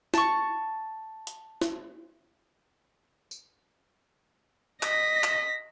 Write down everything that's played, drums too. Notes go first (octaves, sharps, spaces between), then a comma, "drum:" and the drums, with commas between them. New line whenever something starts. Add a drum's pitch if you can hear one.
A5 C#6, drum: snare
drum: hi-hat
drum: snare
drum: tambourine
D#5 A#6 B6, drum: clap
drum: clap